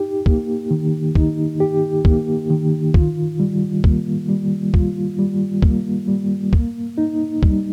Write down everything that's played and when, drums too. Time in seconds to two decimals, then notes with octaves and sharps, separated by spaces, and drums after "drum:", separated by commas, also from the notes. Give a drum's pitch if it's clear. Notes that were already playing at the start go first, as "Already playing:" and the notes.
Already playing: D#4 G4
0.26 A#3, drum: kick
0.71 D#3
1.15 D#4, drum: kick
1.60 G4
2.05 A#3, drum: kick
2.50 D#3
2.94 F4, drum: kick
3.40 G3
3.84 A#3, drum: kick
4.29 G3
4.74 F4, drum: kick
5.18 G3
5.62 A#3, drum: kick
6.07 G3
6.53 A#3, drum: kick
6.98 D#4
7.43 G3, drum: kick